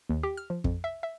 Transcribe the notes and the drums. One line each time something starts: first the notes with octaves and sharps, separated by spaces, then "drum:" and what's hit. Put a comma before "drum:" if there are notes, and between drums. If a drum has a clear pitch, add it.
D#2
G4
F6
F3
F2, drum: kick
E5
E5